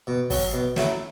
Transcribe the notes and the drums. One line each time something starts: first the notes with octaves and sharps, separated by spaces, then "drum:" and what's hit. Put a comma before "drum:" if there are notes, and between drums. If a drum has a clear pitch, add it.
B2
F#3 C#4, drum: kick, open hi-hat
B2
F#3 A3 E4, drum: snare